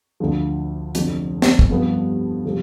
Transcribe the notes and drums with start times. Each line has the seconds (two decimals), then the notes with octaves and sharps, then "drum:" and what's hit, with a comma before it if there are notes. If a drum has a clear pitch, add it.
0.20 D2 D3 F3
0.95 F1 F2 D3, drum: hi-hat
1.42 drum: snare
1.59 drum: kick
1.70 G2 F3 B3
2.45 C3 F3 A3 C4